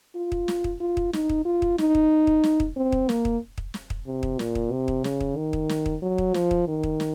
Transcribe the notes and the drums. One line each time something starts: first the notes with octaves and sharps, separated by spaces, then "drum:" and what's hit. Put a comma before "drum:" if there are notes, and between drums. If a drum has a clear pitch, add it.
F4
drum: kick
drum: snare
drum: kick
F4
drum: kick
D#4, drum: snare
drum: kick
F4
drum: kick
D#4, drum: snare
drum: kick
drum: kick
drum: snare
drum: kick
C4
drum: kick
A#3, drum: snare
drum: kick
drum: kick
drum: snare
drum: kick
C3
drum: kick
A#2, drum: snare
drum: kick
C3
drum: kick
C#3, drum: snare
drum: kick
D#3
drum: kick
drum: snare
drum: kick
F#3
drum: kick
F3, drum: snare
drum: kick
D#3
drum: kick
drum: snare